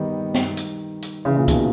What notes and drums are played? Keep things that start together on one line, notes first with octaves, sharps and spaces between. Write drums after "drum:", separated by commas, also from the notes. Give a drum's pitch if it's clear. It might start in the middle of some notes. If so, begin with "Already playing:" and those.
Already playing: D#3 G3 B3 D#4
drum: snare
drum: hi-hat
drum: hi-hat
C#3 E3
A#2 C#3
B2 D#3, drum: kick C#2, hi-hat